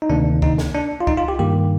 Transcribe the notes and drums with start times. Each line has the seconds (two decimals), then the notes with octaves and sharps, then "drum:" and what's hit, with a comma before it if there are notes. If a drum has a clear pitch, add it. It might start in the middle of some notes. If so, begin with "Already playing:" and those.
0.02 D#4
0.10 D2 C3 D#3 A#3 D4
0.42 D#4, drum: kick C#2
0.58 drum: snare
0.75 D4
1.00 F4
1.07 D#4, drum: kick C#2
1.18 F4
1.28 G4
1.39 G2 D#3 A#3 G4